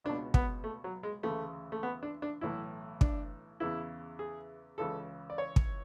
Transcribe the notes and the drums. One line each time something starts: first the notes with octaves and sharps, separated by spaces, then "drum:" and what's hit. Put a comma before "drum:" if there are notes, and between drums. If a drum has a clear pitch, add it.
C#2 B2 D4
B3, drum: kick
A3
F#3
G#3
D2 C#3 E3 A3
A3
B3
D4
D4
B1 A2 E3 E4
D4, drum: kick
E2 C#3 E3 E4
G#4
C#2 C#3 E3 A4
D5
C#5
drum: kick